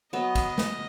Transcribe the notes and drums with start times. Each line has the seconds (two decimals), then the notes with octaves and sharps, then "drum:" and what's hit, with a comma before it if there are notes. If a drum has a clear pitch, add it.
0.12 F#3 B3 D#5
0.35 drum: kick, cymbal
0.58 drum: snare